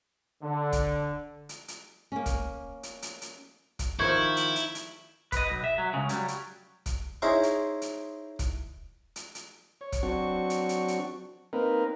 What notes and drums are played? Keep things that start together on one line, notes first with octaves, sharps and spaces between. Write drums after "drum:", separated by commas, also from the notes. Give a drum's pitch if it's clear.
D3
drum: kick, hi-hat
drum: hi-hat
drum: hi-hat
A#3 C#4
drum: kick, hi-hat
drum: hi-hat
drum: hi-hat
drum: hi-hat
drum: kick, hi-hat
D#3 F3 E4 C5 C#6 G6 G#6
drum: hi-hat
drum: hi-hat
drum: hi-hat
B4 D#5, drum: kick, hi-hat
B1
E5
F#3
C#2 C#3
F#3 G3, drum: hi-hat
drum: hi-hat
drum: kick, hi-hat
C#4 D#4 E4 G#4 C5
drum: hi-hat
drum: hi-hat
drum: kick, hi-hat
drum: hi-hat
drum: hi-hat
C#5
drum: kick, hi-hat
F#3 C4 D4 F#4 C#6
drum: hi-hat
drum: hi-hat
drum: hi-hat
A#3 C4 D#4 A#4 B4